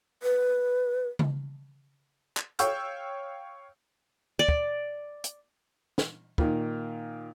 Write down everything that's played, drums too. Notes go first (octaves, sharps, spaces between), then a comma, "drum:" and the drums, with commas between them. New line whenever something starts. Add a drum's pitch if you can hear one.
B4
drum: tom C#3
drum: clap
C#5 F5 G5 C#6 E6 G6, drum: hi-hat
D5
drum: kick
drum: hi-hat
drum: snare
A#2 D#3, drum: kick